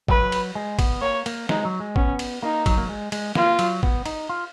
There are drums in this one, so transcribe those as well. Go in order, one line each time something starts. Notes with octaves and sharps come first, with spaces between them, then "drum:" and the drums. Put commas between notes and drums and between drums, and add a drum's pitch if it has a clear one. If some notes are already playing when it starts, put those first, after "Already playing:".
F#3 B4, drum: kick
drum: cymbal
G#3
B3, drum: kick, cymbal
A#3 C#5
A#3, drum: cymbal
G#3 D#4, drum: snare
F#3
G#3
B3 C#4, drum: kick
drum: cymbal
A#3 D#4
F#3, drum: kick, cymbal
A#3
G#3
G#3, drum: cymbal
A#3 F4, drum: snare
F#3, drum: cymbal
B3, drum: kick
D#4, drum: cymbal
F4